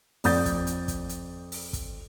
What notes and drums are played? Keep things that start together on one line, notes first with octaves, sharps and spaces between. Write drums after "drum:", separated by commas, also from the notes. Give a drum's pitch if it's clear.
F2 D5 D#6 G6 A6, drum: open hi-hat
drum: kick, hi-hat
drum: hi-hat
drum: kick, hi-hat
drum: hi-hat
drum: open hi-hat
drum: kick, hi-hat